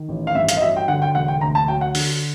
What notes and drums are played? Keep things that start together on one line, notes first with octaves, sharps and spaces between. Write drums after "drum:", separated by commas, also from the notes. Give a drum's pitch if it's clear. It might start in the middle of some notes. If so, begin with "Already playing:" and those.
Already playing: D#3
A1
F5
G2 E5
F5, drum: hi-hat
D#5
F#3 E5
G5
D3 F#5
G5
E1 F#5
G5
D2 A#5
A5
F#3 G5
F#5
D3, drum: open hi-hat